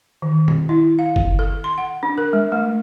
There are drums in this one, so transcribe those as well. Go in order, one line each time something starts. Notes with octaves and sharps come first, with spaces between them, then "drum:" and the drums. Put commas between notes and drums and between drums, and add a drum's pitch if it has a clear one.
D#3
drum: tom B2
E4
F5
drum: kick F#1
A4
C6
F#5
D4
A#4
G#3
A3